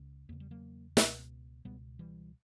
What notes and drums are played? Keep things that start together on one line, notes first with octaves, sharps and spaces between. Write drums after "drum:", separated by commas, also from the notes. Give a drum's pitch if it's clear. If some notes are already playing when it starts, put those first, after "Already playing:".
Already playing: C#2 C#3
E2 C#3 A#3
G3
F#3 A#3
C#2 B2, drum: snare
C#2 B2 G3 B3
E3 G3